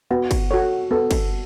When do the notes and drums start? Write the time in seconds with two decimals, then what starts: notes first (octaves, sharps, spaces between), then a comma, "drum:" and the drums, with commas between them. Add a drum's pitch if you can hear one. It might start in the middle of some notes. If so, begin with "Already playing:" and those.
0.10 B3 F#4
0.31 drum: kick, cymbal
0.51 F#4 A4 C#5
0.91 B3 A4
1.11 drum: kick, cymbal